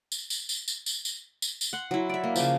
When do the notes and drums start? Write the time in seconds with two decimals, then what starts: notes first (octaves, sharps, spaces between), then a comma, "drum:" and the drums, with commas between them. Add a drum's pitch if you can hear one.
0.12 drum: tambourine
0.30 drum: tambourine
0.49 drum: tambourine
0.68 drum: tambourine
0.86 drum: tambourine
1.05 drum: tambourine
1.42 drum: tambourine
1.61 drum: tambourine
1.73 F#5 C6
1.91 F#3 E4
2.09 D5 E5
2.24 A#3
2.36 C#3 F3, drum: tambourine